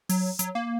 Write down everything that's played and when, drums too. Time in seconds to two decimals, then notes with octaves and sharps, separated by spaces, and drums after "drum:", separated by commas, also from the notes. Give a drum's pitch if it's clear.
0.09 F#3, drum: open hi-hat
0.39 F#3, drum: hi-hat
0.55 A#3